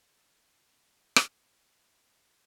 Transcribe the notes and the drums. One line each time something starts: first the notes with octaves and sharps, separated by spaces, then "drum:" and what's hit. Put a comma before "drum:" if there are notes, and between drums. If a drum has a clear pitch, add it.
A3 C#4 F#4 F#5
A3 C#4 F#4
drum: rim click
B3 D#4 G#4 G5
G#5
G5
F#5
B3 D#4 G#4 F5